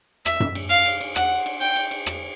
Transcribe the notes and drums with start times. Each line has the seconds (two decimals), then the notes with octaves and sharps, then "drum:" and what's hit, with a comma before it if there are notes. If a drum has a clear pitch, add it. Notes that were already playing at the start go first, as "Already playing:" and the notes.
0.26 E5, drum: rim click
0.40 drum: tom F#2
0.55 drum: cymbal
0.70 F5, drum: cymbal
0.86 drum: cymbal
1.01 drum: cymbal
1.16 F#5, drum: rim click
1.46 drum: cymbal
1.61 G5, drum: cymbal
1.76 drum: cymbal
1.91 drum: cymbal
2.06 drum: rim click